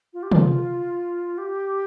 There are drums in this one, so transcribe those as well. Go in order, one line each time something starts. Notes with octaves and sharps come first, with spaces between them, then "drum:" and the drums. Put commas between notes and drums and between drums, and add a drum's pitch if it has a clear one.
F4
G4
F4, drum: tom
G4